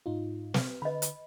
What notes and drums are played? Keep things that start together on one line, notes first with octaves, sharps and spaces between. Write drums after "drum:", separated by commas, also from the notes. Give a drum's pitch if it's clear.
G#2 D#4 F4
B4, drum: snare
D3 B4 D#5 B5
drum: hi-hat